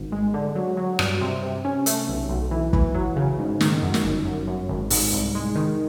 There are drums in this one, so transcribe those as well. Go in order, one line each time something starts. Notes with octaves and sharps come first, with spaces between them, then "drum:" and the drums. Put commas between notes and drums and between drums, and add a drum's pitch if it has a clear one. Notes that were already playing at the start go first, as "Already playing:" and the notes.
Already playing: G#1
G#3
D3
F#3
F#3
G2, drum: rim click
C3
C3
C#4
A3, drum: hi-hat
B1
B1
E3
E3, drum: kick
F#3
C#3
G#2
D#3, drum: snare
F#2
drum: snare
G1
F#2
F#2
G#1
G#2, drum: open hi-hat
C2
G#3
D#3